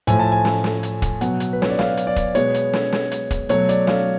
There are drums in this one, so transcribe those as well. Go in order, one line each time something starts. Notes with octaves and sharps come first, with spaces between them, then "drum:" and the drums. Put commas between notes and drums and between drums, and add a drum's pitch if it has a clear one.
A2 F3 A3 G#5, drum: hi-hat
A5
G#5
drum: snare
drum: snare
drum: hi-hat
drum: kick, hi-hat
B2 F#3 B3 F#5, drum: hi-hat
drum: hi-hat
B4
C#5, drum: snare
D5
F5, drum: snare
drum: hi-hat
D5
drum: kick, hi-hat
B2 G#3 B3 C#5, drum: hi-hat
drum: hi-hat
drum: snare
drum: snare
drum: hi-hat
drum: kick, hi-hat
B2 F#3 A3 C#5, drum: hi-hat
D5, drum: hi-hat
F5, drum: snare